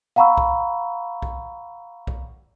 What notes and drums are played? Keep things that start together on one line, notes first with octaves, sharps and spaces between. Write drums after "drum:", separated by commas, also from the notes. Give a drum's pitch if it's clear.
F5 F#5 A#5 B5 C#6 E6
drum: kick
drum: kick
drum: kick